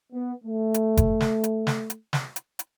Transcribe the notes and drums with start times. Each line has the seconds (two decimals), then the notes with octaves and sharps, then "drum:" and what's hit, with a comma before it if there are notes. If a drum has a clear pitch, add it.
0.13 B3
0.44 A3
0.74 drum: hi-hat
0.97 drum: kick F#1, hi-hat
1.20 drum: snare
1.44 drum: hi-hat
1.67 drum: snare
1.90 drum: hi-hat
2.13 drum: snare
2.36 drum: hi-hat
2.59 drum: hi-hat